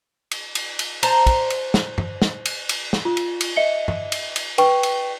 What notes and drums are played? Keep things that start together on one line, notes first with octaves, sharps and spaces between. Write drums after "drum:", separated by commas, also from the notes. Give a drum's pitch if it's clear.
drum: cymbal
drum: cymbal
drum: cymbal
C5 A5 A#5, drum: cymbal
drum: kick, cymbal
drum: cymbal
drum: snare
drum: tom G2
drum: snare
drum: cymbal
drum: cymbal
drum: snare
F4
drum: cymbal
drum: cymbal
D#5 E5 C#7 G7
drum: tom G2
drum: cymbal
drum: cymbal
B4 G5 C#6, drum: cymbal
drum: cymbal